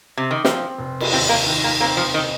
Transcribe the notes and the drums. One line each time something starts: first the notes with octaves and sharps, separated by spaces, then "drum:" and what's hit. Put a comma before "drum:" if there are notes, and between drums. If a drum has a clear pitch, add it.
C3
D#3
F3 C4, drum: snare
F1
drum: cymbal
D#2 C4
A#3
D#3
A#3
A#3 C4
F3
D#3